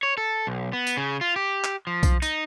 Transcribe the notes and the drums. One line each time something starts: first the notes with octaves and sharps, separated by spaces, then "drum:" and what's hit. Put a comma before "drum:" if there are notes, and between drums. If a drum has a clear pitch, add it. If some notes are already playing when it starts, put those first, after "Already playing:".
C#5
A4
B1
B3
drum: tambourine
C#3
F4
G4
drum: clap
F3
drum: kick B1, tambourine
D#4, drum: tambourine